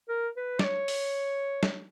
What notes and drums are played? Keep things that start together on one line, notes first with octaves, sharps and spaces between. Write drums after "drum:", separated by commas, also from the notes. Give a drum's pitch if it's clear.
A#4
B4
D5, drum: snare
C#5
drum: open hi-hat
drum: snare